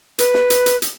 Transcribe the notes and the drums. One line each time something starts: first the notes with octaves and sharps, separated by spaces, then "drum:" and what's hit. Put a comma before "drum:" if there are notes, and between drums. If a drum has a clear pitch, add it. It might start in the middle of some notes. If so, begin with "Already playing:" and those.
B4, drum: hi-hat
drum: snare
drum: hi-hat
drum: hi-hat
drum: hi-hat